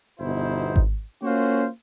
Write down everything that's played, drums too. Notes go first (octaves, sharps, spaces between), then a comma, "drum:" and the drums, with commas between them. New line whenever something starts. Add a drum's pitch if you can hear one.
G1 B2 D#4 E4 C5
drum: kick G#1
A#3 C#4 F4 F#4 C5